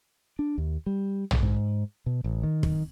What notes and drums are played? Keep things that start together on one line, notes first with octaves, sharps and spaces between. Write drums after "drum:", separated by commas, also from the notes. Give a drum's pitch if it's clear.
D4
D#2
G3
drum: tom
G#2
B2
A1
D#3
drum: kick